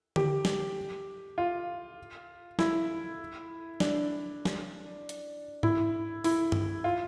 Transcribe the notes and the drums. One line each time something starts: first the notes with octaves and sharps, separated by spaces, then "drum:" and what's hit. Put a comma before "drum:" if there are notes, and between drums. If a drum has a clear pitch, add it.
G4, drum: tom D3
drum: snare
F4
E4, drum: snare
D4, drum: snare
drum: snare
drum: hi-hat
E4, drum: tom G#2
E4, drum: open hi-hat
drum: tom G2
F4